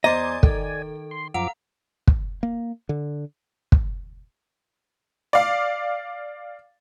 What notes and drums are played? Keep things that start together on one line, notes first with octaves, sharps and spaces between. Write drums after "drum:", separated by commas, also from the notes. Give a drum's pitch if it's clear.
E2 C5 D5 D#5 G#5 A#5 D6 A6
D#3 A4, drum: kick
C6
F#2 F3 F5 F#5 A#5 D6
drum: kick
A#3
D3
drum: kick
D5 F5